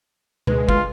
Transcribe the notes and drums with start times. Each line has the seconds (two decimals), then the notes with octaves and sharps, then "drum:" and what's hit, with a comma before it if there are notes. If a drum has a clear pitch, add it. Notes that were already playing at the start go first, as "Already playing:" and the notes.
0.47 D2 G#3 B4, drum: tom B2
0.69 F4, drum: kick